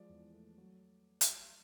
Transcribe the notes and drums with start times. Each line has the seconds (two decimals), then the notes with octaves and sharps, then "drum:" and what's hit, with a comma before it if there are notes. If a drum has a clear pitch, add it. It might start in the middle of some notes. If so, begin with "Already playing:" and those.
Already playing: F3 G#3 D5
0.09 E2
0.34 A3
0.58 F#3
1.21 drum: hi-hat